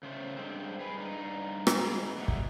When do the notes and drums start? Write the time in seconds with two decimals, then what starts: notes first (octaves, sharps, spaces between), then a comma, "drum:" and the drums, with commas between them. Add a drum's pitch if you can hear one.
0.03 C#3 A3 C5
0.37 G2 G#3 C4
0.80 G#4 B4
0.97 G2 D#4
1.67 drum: rim click
1.80 G#2 B3 G#4 A#5
2.17 A#2 G3 G4 D#5 E5 F#5
2.28 drum: kick